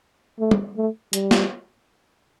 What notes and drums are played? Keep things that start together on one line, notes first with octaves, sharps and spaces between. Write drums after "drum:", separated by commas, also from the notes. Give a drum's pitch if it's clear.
A3
drum: tom G3
A3
G3, drum: hi-hat
drum: snare